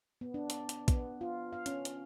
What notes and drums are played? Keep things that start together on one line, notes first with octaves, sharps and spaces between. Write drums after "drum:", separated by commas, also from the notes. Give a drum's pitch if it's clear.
B3
D4
drum: hi-hat
drum: hi-hat
B3, drum: kick, hi-hat
F4
F5
C#4, drum: hi-hat
drum: hi-hat